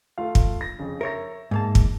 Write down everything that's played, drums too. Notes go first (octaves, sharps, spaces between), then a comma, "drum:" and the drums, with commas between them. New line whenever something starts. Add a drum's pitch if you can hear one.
A3 F4 F5
drum: kick
A#6
F2 C#3
A#4 C#5 E5 A#6
G#2 A#3 A5
drum: kick